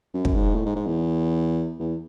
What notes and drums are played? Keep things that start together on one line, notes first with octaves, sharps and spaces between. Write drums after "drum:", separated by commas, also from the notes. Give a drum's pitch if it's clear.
F#2
drum: kick
G#2
A2
G#2
G#2
E2
E2